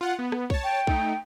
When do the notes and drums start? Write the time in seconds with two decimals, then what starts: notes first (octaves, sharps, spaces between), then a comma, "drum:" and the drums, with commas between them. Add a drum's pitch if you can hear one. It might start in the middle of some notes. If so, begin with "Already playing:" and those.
0.01 F4 F#5
0.19 B3
0.32 drum: rim click
0.50 C#5 A5, drum: kick
0.64 G5
0.87 A3 D#4, drum: kick